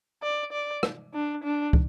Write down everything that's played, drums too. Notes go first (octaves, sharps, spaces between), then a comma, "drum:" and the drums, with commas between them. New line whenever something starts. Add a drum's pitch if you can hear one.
D5
D5
drum: rim click
D4
D4
drum: kick